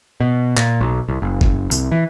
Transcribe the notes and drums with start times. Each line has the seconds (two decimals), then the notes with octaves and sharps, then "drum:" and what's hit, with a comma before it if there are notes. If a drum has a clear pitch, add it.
0.20 B2
0.57 A#2, drum: clap
0.81 B1
1.08 C2
1.22 F#1
1.41 drum: kick G1
1.71 C2, drum: tambourine
1.92 E3